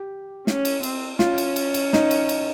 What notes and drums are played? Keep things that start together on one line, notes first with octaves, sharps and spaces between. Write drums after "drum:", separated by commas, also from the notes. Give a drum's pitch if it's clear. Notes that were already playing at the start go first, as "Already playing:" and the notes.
Already playing: G4
C#4, drum: snare
drum: cymbal
C4, drum: cymbal
C#4 F4, drum: snare
drum: cymbal
drum: cymbal
drum: cymbal
D#4, drum: snare
drum: cymbal
drum: cymbal